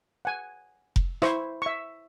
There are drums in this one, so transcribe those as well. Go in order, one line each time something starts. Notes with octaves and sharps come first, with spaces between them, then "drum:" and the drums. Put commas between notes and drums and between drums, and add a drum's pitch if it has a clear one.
F#5 G#5
drum: kick F1
E4 C5 C#6, drum: rim click
E5 C#6